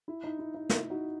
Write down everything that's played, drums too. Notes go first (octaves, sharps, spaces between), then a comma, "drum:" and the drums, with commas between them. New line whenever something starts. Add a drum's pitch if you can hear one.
E4
D#4
E4
D#4
E4, drum: snare
D#4 F#4